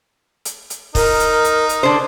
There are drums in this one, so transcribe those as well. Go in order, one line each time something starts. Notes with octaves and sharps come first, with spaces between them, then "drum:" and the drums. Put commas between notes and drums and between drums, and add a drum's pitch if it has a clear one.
drum: hi-hat
drum: hi-hat
D#4 A#4, drum: kick, open hi-hat
drum: hi-hat
drum: hi-hat
drum: hi-hat
D3 D4 C5